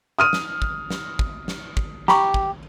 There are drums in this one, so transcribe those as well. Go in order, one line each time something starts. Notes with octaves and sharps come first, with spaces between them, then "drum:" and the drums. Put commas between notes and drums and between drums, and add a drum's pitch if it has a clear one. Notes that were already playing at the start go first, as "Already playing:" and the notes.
D#6 F6 D#7
drum: snare
drum: kick
drum: snare
drum: kick
drum: snare
drum: kick
G4 A#5 B5 C#6, drum: snare
drum: kick